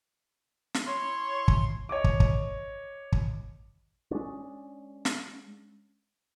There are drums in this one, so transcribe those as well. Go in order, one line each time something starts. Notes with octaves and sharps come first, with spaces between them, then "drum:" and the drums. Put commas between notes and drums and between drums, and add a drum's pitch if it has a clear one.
drum: snare
E4 C#5 C6
drum: kick
C#5 D#5 D6
drum: kick
drum: kick
drum: kick
G#3 C#4 D4
drum: snare